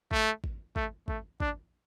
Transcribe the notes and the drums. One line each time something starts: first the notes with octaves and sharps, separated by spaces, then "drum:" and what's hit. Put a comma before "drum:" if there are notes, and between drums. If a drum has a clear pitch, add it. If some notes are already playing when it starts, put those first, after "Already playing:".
A3, drum: kick G#1
drum: kick G#1
A3, drum: kick G#1
A3, drum: kick G#1
D4, drum: kick G#1